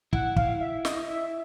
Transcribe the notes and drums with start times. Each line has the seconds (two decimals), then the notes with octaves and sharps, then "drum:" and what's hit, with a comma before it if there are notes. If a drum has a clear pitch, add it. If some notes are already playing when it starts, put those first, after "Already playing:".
0.13 E4 F#5, drum: kick
0.36 F5, drum: kick
0.61 E5
0.85 D#5, drum: snare
1.08 E5